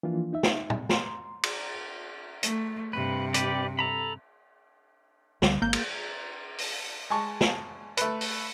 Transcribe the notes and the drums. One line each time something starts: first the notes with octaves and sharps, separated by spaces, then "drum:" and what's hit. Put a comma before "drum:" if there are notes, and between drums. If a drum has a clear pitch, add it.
E3 F3 A#3 D4 F4
D#4 E5
drum: snare
drum: tom A#2
A#5 C6, drum: snare
drum: cymbal
A3, drum: hi-hat
G2 C3 B4
G4 B4 D5, drum: hi-hat
A4 A#5 B5
C#2 D3 G3, drum: snare
G#1 A#3 G6
drum: cymbal
drum: open hi-hat
G#3 G#5 A5 C#6
drum: snare
A3 B4, drum: hi-hat
drum: open hi-hat